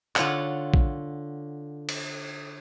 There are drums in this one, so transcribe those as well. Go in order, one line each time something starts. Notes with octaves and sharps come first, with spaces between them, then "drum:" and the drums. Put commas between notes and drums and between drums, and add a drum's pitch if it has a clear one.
D3 F4 C#5 F#5, drum: clap
drum: kick
drum: cymbal